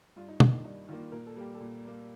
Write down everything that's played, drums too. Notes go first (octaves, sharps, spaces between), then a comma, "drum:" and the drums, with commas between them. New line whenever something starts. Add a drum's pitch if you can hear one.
G2 F4
D#4
D#3 A#3 D#4, drum: tom
D4
G2 D#4
D#3 A#3 F4
A#2 A#4
A4
G3 A#3 G4
A4
A#2
G3 A#3